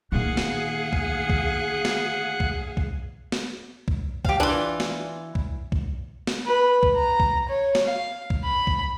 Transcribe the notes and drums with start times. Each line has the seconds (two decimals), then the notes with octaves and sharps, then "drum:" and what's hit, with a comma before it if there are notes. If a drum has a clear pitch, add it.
0.12 D2 A#2 D#3 G#4 F5 F#5
0.37 drum: snare
0.93 drum: kick C2
1.30 drum: kick C2
1.85 drum: snare
2.40 drum: kick C2
2.77 drum: kick C2
3.32 drum: snare
3.88 drum: kick C2
4.25 G4 F5, drum: kick C2
4.40 E3 D4 F4
4.80 drum: snare
5.35 drum: kick C2
5.72 drum: kick C2
6.27 drum: snare
6.45 B4
6.83 drum: kick C2
6.95 A#5
7.20 drum: kick C2
7.49 C#5
7.75 drum: snare
7.84 F5
8.30 drum: kick C2
8.44 B5
8.67 drum: kick C2